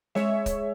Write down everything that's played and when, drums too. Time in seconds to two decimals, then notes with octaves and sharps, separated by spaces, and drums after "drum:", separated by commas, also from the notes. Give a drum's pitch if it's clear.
0.15 G#3 C#5 E5, drum: snare
0.46 drum: kick, hi-hat